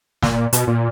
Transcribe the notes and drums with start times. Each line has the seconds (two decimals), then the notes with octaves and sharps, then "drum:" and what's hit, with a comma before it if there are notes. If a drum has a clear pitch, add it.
0.23 A#2, drum: snare
0.53 B2, drum: hi-hat
0.67 A#2